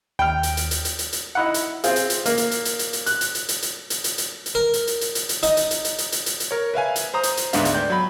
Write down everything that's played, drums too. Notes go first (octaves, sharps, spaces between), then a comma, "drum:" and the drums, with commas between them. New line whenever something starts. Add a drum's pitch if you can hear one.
D#2 G5 F6
drum: hi-hat
drum: hi-hat
drum: hi-hat
drum: hi-hat
drum: hi-hat
drum: hi-hat
D#4 E4 F#5
drum: hi-hat
C4 F4 G#4, drum: hi-hat
drum: hi-hat
drum: hi-hat
A#3, drum: hi-hat
drum: hi-hat
drum: hi-hat
drum: hi-hat
drum: hi-hat
drum: hi-hat
F#6, drum: hi-hat
drum: hi-hat
drum: hi-hat
drum: hi-hat
drum: hi-hat
drum: hi-hat
drum: hi-hat
drum: hi-hat
drum: hi-hat
A#4
drum: hi-hat
drum: hi-hat
drum: hi-hat
drum: hi-hat
drum: hi-hat
D#4, drum: hi-hat
drum: hi-hat
drum: hi-hat
drum: hi-hat
drum: hi-hat
drum: hi-hat
drum: hi-hat
drum: hi-hat
A#4 C#5
B4 E5 F5 G#5
drum: hi-hat
C5 A#5 D#6
drum: hi-hat
drum: hi-hat
D2 G#2 B3 D4 E5 F5, drum: hi-hat
drum: hi-hat
D5 G5 G6
F#3 B5